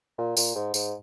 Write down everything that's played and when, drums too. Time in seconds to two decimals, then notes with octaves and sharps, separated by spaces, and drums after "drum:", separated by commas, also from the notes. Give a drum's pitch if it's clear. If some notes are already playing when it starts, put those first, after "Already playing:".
0.18 A#2
0.37 A#2, drum: tambourine
0.55 G#2
0.74 G#2, drum: tambourine